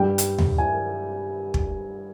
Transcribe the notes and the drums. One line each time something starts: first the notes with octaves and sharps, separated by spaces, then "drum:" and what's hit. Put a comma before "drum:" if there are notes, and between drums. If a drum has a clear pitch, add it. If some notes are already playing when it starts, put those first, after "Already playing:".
Already playing: G2 G3 G5
drum: hi-hat
drum: tom D#2
G#5
drum: kick